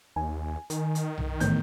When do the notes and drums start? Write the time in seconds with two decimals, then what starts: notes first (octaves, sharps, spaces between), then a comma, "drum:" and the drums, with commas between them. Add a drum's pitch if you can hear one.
0.16 D#2 G#5
0.70 D#3, drum: hi-hat
0.95 drum: hi-hat
1.18 drum: tom B1
1.40 E2 A2 G6, drum: hi-hat